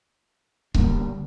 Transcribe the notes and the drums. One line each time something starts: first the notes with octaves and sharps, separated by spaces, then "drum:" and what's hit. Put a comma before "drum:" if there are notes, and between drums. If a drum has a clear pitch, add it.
D3 G3 A#3 D4, drum: kick C#1